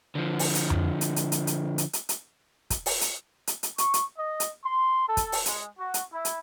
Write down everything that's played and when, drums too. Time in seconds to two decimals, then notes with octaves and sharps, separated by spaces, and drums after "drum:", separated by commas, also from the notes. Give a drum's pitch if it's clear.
0.15 D3 F3
0.39 drum: open hi-hat
0.55 drum: hi-hat
0.70 drum: tom F2
1.01 drum: hi-hat
1.16 drum: hi-hat
1.32 drum: hi-hat
1.47 drum: hi-hat
1.78 drum: hi-hat
1.93 drum: hi-hat
2.09 drum: hi-hat
2.70 drum: kick, hi-hat
2.86 drum: open hi-hat
3.01 drum: hi-hat
3.47 drum: hi-hat
3.63 drum: hi-hat
3.78 C#6, drum: hi-hat
3.94 drum: hi-hat
4.17 D#5
4.40 drum: hi-hat
4.63 C6
5.08 A4
5.17 drum: kick, hi-hat
5.32 drum: open hi-hat
5.46 G#3, drum: hi-hat
5.78 F#4
5.94 drum: hi-hat
6.12 E4
6.25 drum: hi-hat